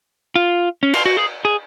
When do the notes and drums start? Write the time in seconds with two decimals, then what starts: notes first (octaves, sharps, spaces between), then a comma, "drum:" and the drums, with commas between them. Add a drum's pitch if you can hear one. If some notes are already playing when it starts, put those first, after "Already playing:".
0.35 F4
0.83 C#4
0.94 F4, drum: cymbal
1.06 F#4
1.17 G#4
1.45 G#4